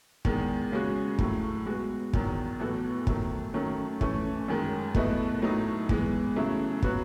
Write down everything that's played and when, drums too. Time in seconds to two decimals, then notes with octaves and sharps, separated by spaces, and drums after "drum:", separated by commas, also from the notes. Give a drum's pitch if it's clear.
0.25 E2 D#3 G#3, drum: kick
0.72 C#3 G#3 C#4 F#4
1.19 A2 F#3 A3, drum: kick
1.66 G#3 B3 F#4
2.13 E2 D#3 F#3, drum: kick
2.59 A2 E3 B3 F#4 A4
3.07 D#3 F#3 A3, drum: kick
3.54 D#3 F#3 A3 C#4
4.01 E3 A3 C#4, drum: kick
4.48 F#2 D#3 G#3
4.95 B2 A3 E4 B4 D#5, drum: kick
5.42 A2 F#3 A3 D#4
5.89 E3 G#3 B3, drum: kick
6.36 C#3 F#3 A3 E4
6.82 F#3 B3 F#4 B4, drum: kick